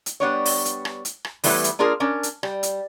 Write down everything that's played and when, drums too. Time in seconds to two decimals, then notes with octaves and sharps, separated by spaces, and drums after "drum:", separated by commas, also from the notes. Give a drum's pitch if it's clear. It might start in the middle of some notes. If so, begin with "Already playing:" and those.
0.06 drum: hi-hat
0.20 G3 B3 D4 C#5
0.46 drum: open hi-hat
0.65 drum: hi-hat
0.85 drum: rim click
1.05 drum: hi-hat
1.25 drum: rim click
1.44 E3 G3 A3 B3 E4 B4, drum: open hi-hat
1.64 drum: hi-hat
1.79 A#3 D4 F4 G#4 A#4
2.00 C#4 D4 A#4
2.23 drum: hi-hat
2.43 G3, drum: rim click
2.63 drum: hi-hat